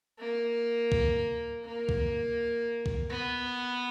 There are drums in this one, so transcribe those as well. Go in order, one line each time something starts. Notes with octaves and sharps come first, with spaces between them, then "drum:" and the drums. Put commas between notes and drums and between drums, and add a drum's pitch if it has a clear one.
A#3
drum: kick
A#3
drum: kick
drum: kick
B3